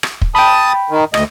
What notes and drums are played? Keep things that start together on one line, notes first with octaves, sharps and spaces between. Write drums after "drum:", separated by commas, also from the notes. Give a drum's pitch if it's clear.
drum: rim click
drum: kick
G5 A5 B5 D#6
D#3
D2 D#5, drum: rim click